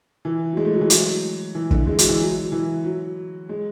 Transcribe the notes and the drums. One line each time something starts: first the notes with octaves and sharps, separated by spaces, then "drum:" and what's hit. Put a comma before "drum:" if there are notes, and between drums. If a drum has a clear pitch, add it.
E3
F#3
G#3
A3
F#3
E3
F#3, drum: hi-hat
E3
D3, drum: kick
G#3
F#3, drum: hi-hat
E3
F#3
E3
F#3
G#3